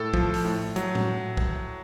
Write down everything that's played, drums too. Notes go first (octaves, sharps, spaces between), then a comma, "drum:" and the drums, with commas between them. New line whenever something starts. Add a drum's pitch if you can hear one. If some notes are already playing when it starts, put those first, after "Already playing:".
Already playing: A2 A4
F3, drum: kick
drum: open hi-hat
A2
F#3, drum: hi-hat
drum: tom A2
drum: kick